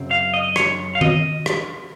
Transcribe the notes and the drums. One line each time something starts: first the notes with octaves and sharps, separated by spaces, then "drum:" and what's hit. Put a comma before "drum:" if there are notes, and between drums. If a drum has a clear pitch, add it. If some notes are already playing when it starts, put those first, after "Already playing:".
Already playing: F#2 C#3 F#3 C4
F5
D#5
C#5, drum: rim click
F5
D#5, drum: tom D#3
drum: rim click